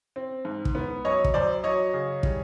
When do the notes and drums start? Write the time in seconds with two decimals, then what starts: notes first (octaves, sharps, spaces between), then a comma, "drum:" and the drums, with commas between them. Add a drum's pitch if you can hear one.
0.16 C4
0.45 G#2
0.65 drum: kick
0.75 B3
1.05 F#2 C#5 D#5
1.24 drum: kick
1.34 F#2 C5 D5
1.64 F#3 C#5 D#5
1.94 C#3
2.23 G3, drum: kick